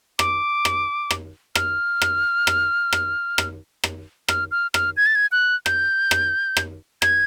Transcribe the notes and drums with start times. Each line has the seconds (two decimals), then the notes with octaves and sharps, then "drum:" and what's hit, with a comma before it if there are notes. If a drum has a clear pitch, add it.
0.19 D6, drum: rim click
0.65 drum: rim click
1.11 drum: rim click
1.55 F6, drum: rim click
2.02 drum: rim click
2.47 drum: rim click
2.93 drum: rim click
3.38 drum: rim click
3.84 drum: rim click
4.28 F6, drum: rim click
4.51 F6
4.74 F6, drum: rim click
4.97 G#6
5.06 A6
5.15 G#6
5.32 F#6
5.66 G6, drum: rim click
6.11 drum: rim click
6.57 drum: rim click
7.02 G#6, drum: rim click